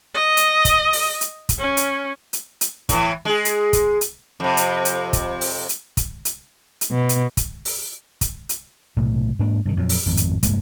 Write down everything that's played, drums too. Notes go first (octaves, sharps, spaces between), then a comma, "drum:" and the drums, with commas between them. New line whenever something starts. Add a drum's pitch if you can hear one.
D#5
drum: hi-hat
drum: kick, hi-hat
drum: open hi-hat
drum: hi-hat
drum: kick, hi-hat
C#4
drum: hi-hat
drum: hi-hat
drum: hi-hat
A2 E3, drum: kick, hi-hat
G#3 G#4
drum: hi-hat
drum: kick, hi-hat
drum: hi-hat
F2 C3
drum: hi-hat
drum: hi-hat
drum: kick, hi-hat
drum: open hi-hat
drum: hi-hat
drum: kick, hi-hat
drum: hi-hat
drum: hi-hat
B2
drum: hi-hat
drum: kick, hi-hat
drum: open hi-hat
drum: kick, hi-hat
drum: hi-hat
B1 A2 C3
G#2 A#3 D4
G2 C3 D#3
F2 A#2 F#3
drum: open hi-hat
G#1 F2 A2
drum: hi-hat
F1 G2 G#3 A#3, drum: kick, hi-hat